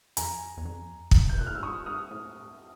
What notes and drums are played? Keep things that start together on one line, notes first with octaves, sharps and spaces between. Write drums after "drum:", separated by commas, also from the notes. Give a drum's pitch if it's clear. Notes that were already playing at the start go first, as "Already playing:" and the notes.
F2 G#5 A#5, drum: hi-hat
E2
F2
drum: kick
B2 G6
A#2 F#6
A2 F6
G#2 E6
G2 C#6 D#6
G#2 D#6 F6
A2